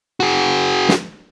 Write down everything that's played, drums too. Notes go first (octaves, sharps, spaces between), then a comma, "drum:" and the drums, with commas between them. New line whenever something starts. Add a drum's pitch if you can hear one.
F#4 G#4
drum: snare